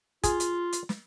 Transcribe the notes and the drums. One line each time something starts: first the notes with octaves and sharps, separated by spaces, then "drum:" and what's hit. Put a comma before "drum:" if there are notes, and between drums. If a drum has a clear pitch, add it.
F4 G#4, drum: kick, hi-hat
drum: hi-hat
drum: hi-hat
drum: snare